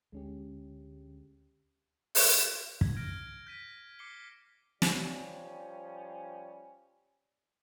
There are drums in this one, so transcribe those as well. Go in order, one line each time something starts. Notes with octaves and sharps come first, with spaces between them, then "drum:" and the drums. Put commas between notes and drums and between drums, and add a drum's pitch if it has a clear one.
D2 G#3 C#4 G4
drum: open hi-hat
G#6, drum: kick
F6 G6 G#6 A#6 D7
G6 B6 D#7
D6 C7 C#7 G7
F3 G3 C#4, drum: snare